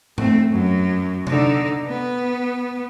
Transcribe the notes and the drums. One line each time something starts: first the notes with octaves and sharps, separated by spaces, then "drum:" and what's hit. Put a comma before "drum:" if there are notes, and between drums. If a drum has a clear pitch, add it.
A3 C4, drum: tom G#2
F#2 F#3
D3 D#4, drum: tom C3
B3